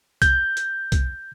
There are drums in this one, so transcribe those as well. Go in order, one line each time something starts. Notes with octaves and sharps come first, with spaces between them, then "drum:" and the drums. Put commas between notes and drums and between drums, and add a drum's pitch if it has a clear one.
G6, drum: kick, hi-hat
drum: hi-hat
drum: kick, hi-hat